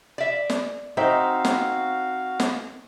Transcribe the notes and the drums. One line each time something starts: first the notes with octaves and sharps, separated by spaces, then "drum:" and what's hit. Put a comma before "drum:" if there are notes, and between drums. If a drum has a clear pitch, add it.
D5 E5
drum: snare
C4 D#4 F#4 C5 E5 F5
drum: snare
drum: snare